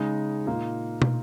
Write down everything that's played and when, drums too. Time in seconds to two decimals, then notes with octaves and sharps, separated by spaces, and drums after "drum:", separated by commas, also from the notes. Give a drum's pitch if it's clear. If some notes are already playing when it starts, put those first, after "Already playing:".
Already playing: C#3 G#3 D#4
0.47 A#2 A#3 D#4
1.02 drum: tom